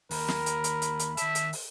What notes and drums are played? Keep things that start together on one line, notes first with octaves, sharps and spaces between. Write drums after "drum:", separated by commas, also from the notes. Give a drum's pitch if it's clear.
D#2 A#4 B5, drum: open hi-hat
drum: snare
drum: hi-hat
drum: hi-hat
drum: hi-hat
drum: hi-hat
D#3 E5 A5, drum: hi-hat
drum: hi-hat
drum: open hi-hat